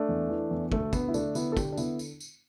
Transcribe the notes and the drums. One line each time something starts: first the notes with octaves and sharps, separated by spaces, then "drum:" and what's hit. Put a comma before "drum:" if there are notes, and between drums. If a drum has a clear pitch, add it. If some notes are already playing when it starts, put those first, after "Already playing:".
Already playing: A3 D4
E2
E3
E2
D2 A3, drum: kick
D3 B3, drum: kick, tambourine
E4
D3 A3 D4, drum: tambourine
D3 B3 E4, drum: tambourine
A4
D3 D4 G4, drum: kick, tambourine
D4
D3 B3 E4, drum: tambourine
drum: tambourine
drum: tambourine